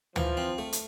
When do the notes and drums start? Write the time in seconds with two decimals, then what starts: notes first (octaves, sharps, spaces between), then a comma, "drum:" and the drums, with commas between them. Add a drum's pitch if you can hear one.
0.16 E3 F3, drum: tom D2
0.37 C4
0.58 A3
0.72 drum: hi-hat